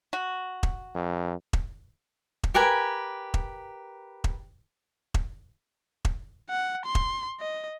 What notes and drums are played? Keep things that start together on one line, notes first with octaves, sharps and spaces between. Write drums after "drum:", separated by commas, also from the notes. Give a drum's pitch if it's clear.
F#4
drum: kick E1
F2
drum: kick E1
drum: kick E1
G4 A#4 B4 G#5
drum: kick E1
drum: kick E1
drum: kick E1
drum: kick E1
F#5
C6
drum: kick E1
D#5